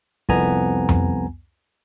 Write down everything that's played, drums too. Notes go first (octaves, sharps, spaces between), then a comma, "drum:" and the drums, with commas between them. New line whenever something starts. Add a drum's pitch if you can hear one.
C2 F2 B3 G#5 A#5, drum: kick
drum: tom F2